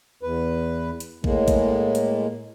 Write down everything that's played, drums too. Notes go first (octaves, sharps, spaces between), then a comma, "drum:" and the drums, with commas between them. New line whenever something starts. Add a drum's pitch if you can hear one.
E2 B4
drum: hi-hat
A2 G#3 A#3, drum: kick A1
drum: kick A1, hi-hat
drum: hi-hat